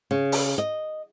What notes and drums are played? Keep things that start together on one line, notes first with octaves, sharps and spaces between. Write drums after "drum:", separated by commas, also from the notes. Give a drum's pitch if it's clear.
C#3
drum: open hi-hat
D#5